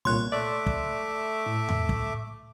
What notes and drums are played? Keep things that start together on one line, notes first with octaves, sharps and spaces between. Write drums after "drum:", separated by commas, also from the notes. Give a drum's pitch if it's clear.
C2 A#2 C#5 C6 F#6
A3 D5 E5 D6
drum: kick
A2
drum: tom E2
drum: kick